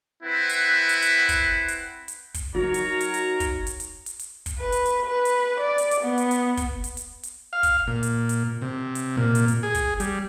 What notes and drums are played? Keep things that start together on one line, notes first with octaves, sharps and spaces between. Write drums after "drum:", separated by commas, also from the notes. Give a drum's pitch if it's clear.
C4 E4 B4 F#5
drum: hi-hat
drum: hi-hat
drum: hi-hat
drum: kick, hi-hat
drum: hi-hat
drum: hi-hat
drum: kick, hi-hat
F#3 D#4 F#4 A#4 C#5 A#5
drum: hi-hat
drum: hi-hat
drum: hi-hat
drum: kick, hi-hat
drum: hi-hat
drum: hi-hat
drum: hi-hat
drum: hi-hat
drum: kick, hi-hat
B4
drum: hi-hat
drum: hi-hat
B4
drum: hi-hat
D5
drum: hi-hat
drum: hi-hat
B3
drum: hi-hat
drum: hi-hat
drum: kick, hi-hat
drum: hi-hat
drum: hi-hat
drum: hi-hat
F5
drum: kick, hi-hat
A#2
drum: hi-hat
drum: hi-hat
C3
drum: hi-hat
A#2
drum: hi-hat
drum: hi-hat
G#4
drum: kick, hi-hat
G3, drum: hi-hat